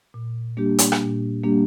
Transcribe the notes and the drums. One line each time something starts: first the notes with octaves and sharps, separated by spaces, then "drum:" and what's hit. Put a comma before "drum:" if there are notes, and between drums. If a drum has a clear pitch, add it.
A#2
G3 A#3 D4 G4
drum: hi-hat
drum: rim click
A#2
G3 A#3 D4 G4